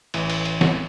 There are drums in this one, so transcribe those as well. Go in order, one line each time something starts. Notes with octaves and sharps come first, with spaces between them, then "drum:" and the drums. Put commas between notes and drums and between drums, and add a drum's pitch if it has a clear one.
A1 E3, drum: cymbal
drum: cymbal
drum: cymbal
drum: snare